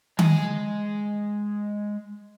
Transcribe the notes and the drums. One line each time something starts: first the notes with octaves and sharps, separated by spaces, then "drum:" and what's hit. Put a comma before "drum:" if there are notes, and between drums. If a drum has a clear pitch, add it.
G#3 G#5, drum: tom D#3